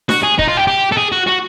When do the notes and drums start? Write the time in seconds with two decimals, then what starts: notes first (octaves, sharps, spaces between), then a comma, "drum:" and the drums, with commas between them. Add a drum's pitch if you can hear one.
0.09 F#4, drum: snare D4
0.23 G#4
0.39 D#4, drum: kick
0.48 F4
0.57 G4
0.67 G4
0.92 A4
0.97 G#4
1.12 F#4
1.27 F#4